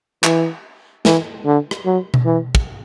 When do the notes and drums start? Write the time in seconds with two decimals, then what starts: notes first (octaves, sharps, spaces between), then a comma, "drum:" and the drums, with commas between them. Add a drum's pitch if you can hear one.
0.24 E3, drum: clap
1.05 E3, drum: snare
1.45 D3
1.71 drum: rim click
1.86 F#3
2.14 drum: tom B2
2.26 E3
2.55 drum: kick